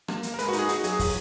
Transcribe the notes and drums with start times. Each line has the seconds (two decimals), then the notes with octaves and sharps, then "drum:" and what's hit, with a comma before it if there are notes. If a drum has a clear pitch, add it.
0.08 A#3, drum: rim click
0.23 A#3, drum: hi-hat
0.34 A#4
0.39 G#3 B4, drum: hi-hat
0.48 F#4
0.53 D#4, drum: hi-hat
0.59 G#4
0.69 D#4 F#4, drum: hi-hat
0.84 F#3 G#4, drum: hi-hat
0.99 drum: kick, open hi-hat